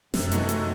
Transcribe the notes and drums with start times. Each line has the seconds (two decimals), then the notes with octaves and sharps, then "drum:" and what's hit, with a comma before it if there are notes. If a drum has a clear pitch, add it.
0.14 F#2 C3, drum: snare
0.32 E3 A3 D#4 F#4, drum: hi-hat
0.49 C3, drum: hi-hat